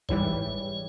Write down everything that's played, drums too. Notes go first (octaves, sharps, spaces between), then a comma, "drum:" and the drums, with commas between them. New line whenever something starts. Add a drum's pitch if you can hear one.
G#2 E3 G3 C#5, drum: kick F#1